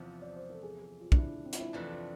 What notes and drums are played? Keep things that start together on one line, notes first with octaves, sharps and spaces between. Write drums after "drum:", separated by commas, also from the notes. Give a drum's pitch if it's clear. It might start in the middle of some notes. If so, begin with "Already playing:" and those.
Already playing: E2 C3 F3 F4
D5
C5
A4
G#4
G#4
F4
D4, drum: kick
E4
C4
F4, drum: hi-hat
E4
F2 C3 E3 A3 D4 F4
F4